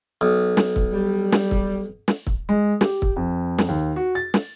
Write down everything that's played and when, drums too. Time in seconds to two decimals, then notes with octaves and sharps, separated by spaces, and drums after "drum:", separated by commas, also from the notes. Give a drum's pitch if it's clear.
0.21 B1
0.57 drum: snare
0.76 drum: kick
0.93 G3
1.32 drum: snare
1.51 drum: kick
2.08 drum: snare
2.27 drum: kick
2.49 G#3
2.81 G4, drum: snare
3.02 drum: kick
3.16 F2
3.58 drum: snare
3.68 D#2
3.96 F#4
4.15 A6
4.34 drum: snare